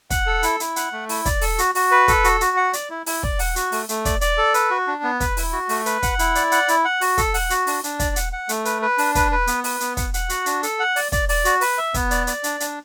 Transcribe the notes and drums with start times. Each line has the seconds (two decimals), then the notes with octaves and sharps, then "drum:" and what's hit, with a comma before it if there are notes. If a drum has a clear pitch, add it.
0.10 F#5, drum: kick, hi-hat
0.26 A4
0.43 E4, drum: hi-hat
0.60 E4, drum: hi-hat
0.76 F#5, drum: hi-hat
0.92 A3
1.09 E4, drum: open hi-hat
1.25 D5, drum: kick, hi-hat
1.41 A4, drum: open hi-hat
1.58 F#4, drum: hi-hat
1.75 F#4, drum: open hi-hat
1.91 B4
2.08 A4, drum: kick, hi-hat
2.24 F#4, drum: hi-hat
2.41 F#4, drum: hi-hat
2.57 F#5
2.73 D5, drum: hi-hat
2.90 E4
3.06 E4, drum: open hi-hat
3.23 D5, drum: kick
3.39 F#5, drum: open hi-hat
3.56 F#4, drum: hi-hat
3.72 A3, drum: open hi-hat
3.89 A3, drum: hi-hat
4.05 D5, drum: kick, hi-hat
4.21 D5, drum: hi-hat
4.38 A4
4.54 B4, drum: hi-hat
4.70 F#4
4.87 D4
5.03 B3
5.20 B4, drum: kick, hi-hat
5.37 E4, drum: open hi-hat
5.53 F#4
5.69 A3, drum: open hi-hat
5.86 B4, drum: hi-hat
6.03 F#5, drum: kick, hi-hat
6.19 E4, drum: hi-hat
6.35 D5, drum: hi-hat
6.52 F#5, drum: hi-hat
6.68 E4, drum: hi-hat
6.85 F#5
7.01 F#4, drum: open hi-hat
7.18 A4, drum: kick, hi-hat
7.34 F#5, drum: open hi-hat
7.50 F#4, drum: hi-hat
7.67 D4, drum: open hi-hat
7.84 D4, drum: hi-hat
7.99 D5, drum: kick, hi-hat
8.16 F#5, drum: hi-hat
8.33 F#5
8.49 A3, drum: hi-hat
8.65 B4, drum: hi-hat
8.82 B4
8.98 D4, drum: open hi-hat
9.15 B4, drum: kick, hi-hat
9.31 B4
9.47 B3, drum: hi-hat
9.64 B4, drum: open hi-hat
9.80 B3, drum: hi-hat
9.97 F#5, drum: kick, hi-hat
10.14 F#5, drum: hi-hat
10.29 F#4, drum: hi-hat
10.46 D4, drum: hi-hat
10.63 A4, drum: hi-hat
10.80 F#5
10.96 D5, drum: open hi-hat
11.12 D5, drum: kick, hi-hat
11.29 D5, drum: open hi-hat
11.45 F#4, drum: hi-hat
11.61 B4, drum: open hi-hat
11.78 E5
11.94 B3, drum: kick, hi-hat
12.11 D5, drum: hi-hat
12.27 D5, drum: hi-hat
12.44 D4, drum: hi-hat
12.60 D4, drum: hi-hat